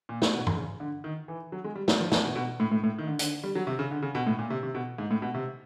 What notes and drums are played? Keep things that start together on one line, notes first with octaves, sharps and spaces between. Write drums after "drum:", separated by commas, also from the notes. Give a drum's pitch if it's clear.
A#2
drum: snare
B2
drum: tom G2
C#3
D3
D#3
E3
F#3
G#3
G3
F#3, drum: snare
F3
E3, drum: snare
B2
B2
A2
A2
A2
D#3
D3
D3, drum: hi-hat
G3
F#3
C3
C#3
D3
C#3
B2
A2
A#2
C3
C3
B2
G#2
A2
B2
C3